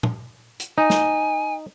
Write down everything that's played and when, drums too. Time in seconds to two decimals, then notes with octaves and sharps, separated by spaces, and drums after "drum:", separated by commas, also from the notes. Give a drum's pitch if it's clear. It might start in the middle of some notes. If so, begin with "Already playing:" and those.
0.03 drum: tom A#2
0.60 drum: hi-hat
0.78 D#4 G#5
0.90 drum: snare